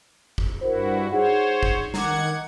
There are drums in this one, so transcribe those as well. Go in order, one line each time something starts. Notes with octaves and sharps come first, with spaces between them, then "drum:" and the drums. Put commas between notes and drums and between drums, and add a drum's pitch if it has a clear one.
drum: kick
G2 E4 F#4 A#4 C5
D#4 G#4 C5 C#5 F#5
drum: kick
D#3 F#5 A#5 D6 G#6, drum: snare